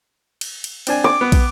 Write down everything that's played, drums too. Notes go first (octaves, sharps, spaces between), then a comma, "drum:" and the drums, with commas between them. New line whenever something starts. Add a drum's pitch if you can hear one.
drum: cymbal
drum: cymbal
C4 D4 G#5, drum: cymbal
D6
B3
drum: kick, cymbal